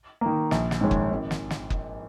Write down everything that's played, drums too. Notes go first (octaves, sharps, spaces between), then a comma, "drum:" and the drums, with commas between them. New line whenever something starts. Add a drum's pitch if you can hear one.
D#3 A#3
A#1, drum: snare
drum: snare
G#2 D#3 G#3 C#4
drum: kick F#1
G#1
drum: snare
drum: snare
drum: kick F#1